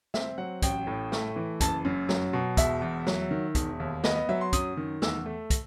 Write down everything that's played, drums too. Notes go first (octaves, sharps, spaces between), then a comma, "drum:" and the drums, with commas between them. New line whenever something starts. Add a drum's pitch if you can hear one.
C4 E5, drum: snare
F#3 F#5
A1 G5, drum: kick, hi-hat
A2
A3, drum: snare
E3
F#1 A5, drum: kick, hi-hat
F#2
F#3, drum: snare
B2
E1 E5, drum: kick, hi-hat
E2
F#3, drum: snare
D#3
E1, drum: kick, hi-hat
D#2
B3 D#5, drum: snare
D#5
F#3 E5
C6
F#2 D#6, drum: kick, hi-hat
D#3
E2 E6, drum: snare
A3
drum: kick, hi-hat